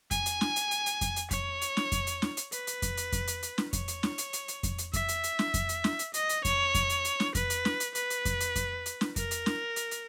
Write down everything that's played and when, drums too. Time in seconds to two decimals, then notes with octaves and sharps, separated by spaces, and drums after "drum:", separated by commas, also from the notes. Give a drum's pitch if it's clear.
0.11 G#5, drum: kick F2, hi-hat
0.26 drum: hi-hat
0.41 drum: snare
0.56 drum: hi-hat
0.71 drum: hi-hat
0.86 drum: hi-hat
1.01 drum: kick F2, hi-hat
1.16 drum: hi-hat
1.31 C#5, drum: kick F2, hi-hat
1.62 drum: hi-hat
1.77 drum: snare
1.92 drum: kick F2, hi-hat
2.07 drum: hi-hat
2.22 drum: snare
2.37 drum: hi-hat
2.52 B4, drum: hi-hat
2.67 drum: hi-hat
2.82 drum: kick F2, hi-hat
2.97 drum: hi-hat
3.13 drum: kick F2, hi-hat
3.28 drum: hi-hat
3.43 drum: hi-hat
3.58 drum: snare
3.73 C#5, drum: kick F2, hi-hat
3.88 drum: hi-hat
4.03 drum: snare
4.18 drum: hi-hat
4.33 drum: hi-hat
4.48 drum: hi-hat
4.63 drum: kick F2, hi-hat
4.78 drum: hi-hat
4.94 E5, drum: kick F2, hi-hat
5.09 drum: hi-hat
5.24 drum: hi-hat
5.39 drum: snare
5.54 drum: kick F2, hi-hat
5.69 drum: hi-hat
5.84 drum: snare
5.99 drum: hi-hat
6.14 D#5, drum: hi-hat
6.29 drum: hi-hat
6.45 C#5, drum: kick F2, hi-hat
6.75 drum: kick F2, hi-hat
6.90 drum: hi-hat
7.05 drum: hi-hat
7.20 drum: snare
7.35 B4, drum: kick F2, hi-hat
7.50 drum: hi-hat
7.65 drum: snare
7.80 drum: hi-hat
7.95 B4, drum: hi-hat
8.10 drum: hi-hat
8.25 drum: kick F2, hi-hat
8.41 drum: hi-hat
8.56 drum: kick F2, hi-hat
8.86 drum: hi-hat
9.01 drum: snare
9.16 A#4, drum: kick F2, hi-hat
9.31 drum: hi-hat
9.46 drum: snare
9.76 drum: hi-hat
9.91 drum: hi-hat